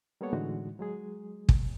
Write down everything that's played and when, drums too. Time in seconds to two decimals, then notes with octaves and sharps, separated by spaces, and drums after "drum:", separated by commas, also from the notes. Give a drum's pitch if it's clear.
0.21 G3 A#3 B3 A4 C#5 F#5
0.33 A2 D3 E3 G#3 D#4 F#4
0.79 F#3 G#3 G#4
1.49 drum: kick